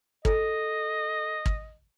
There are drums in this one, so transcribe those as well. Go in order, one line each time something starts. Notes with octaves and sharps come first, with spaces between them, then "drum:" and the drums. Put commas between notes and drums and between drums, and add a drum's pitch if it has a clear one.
A4 D#5, drum: kick
drum: kick